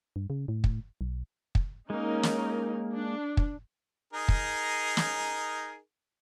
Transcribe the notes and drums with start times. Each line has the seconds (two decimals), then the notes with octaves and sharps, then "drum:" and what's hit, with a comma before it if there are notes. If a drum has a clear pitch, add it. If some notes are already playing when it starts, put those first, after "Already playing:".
0.16 G2
0.30 C#3
0.48 A2
0.64 drum: kick
1.01 B1
1.55 drum: kick
1.90 G#3 A#3 C#4 D#4 A#4
2.23 drum: snare
2.92 D4
3.37 drum: kick
4.13 D#4 G#4 A#4
4.29 drum: kick
4.97 drum: snare